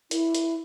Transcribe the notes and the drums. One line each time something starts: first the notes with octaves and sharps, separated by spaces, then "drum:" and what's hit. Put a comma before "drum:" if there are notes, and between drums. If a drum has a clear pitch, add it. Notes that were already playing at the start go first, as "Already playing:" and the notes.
E4, drum: hi-hat
drum: hi-hat